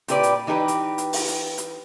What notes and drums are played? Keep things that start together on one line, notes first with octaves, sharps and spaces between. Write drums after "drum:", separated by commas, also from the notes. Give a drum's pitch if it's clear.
A#2 E4 G4 B4 D5, drum: hi-hat
drum: hi-hat
E3 D#4 G4 A#4 B4
drum: hi-hat
drum: hi-hat
drum: open hi-hat
drum: hi-hat
drum: hi-hat